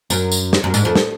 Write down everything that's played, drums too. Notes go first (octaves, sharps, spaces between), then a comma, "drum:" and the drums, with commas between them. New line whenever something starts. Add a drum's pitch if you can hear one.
F#2, drum: tambourine
drum: tambourine
drum: snare
F#2
G#2, drum: tambourine
F2
drum: snare